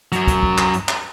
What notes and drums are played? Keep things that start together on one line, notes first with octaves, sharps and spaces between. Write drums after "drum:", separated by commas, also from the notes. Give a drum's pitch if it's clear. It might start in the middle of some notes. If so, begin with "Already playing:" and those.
F#2 F#3, drum: hi-hat
drum: kick, hi-hat
drum: kick
drum: clap
drum: hi-hat
drum: clap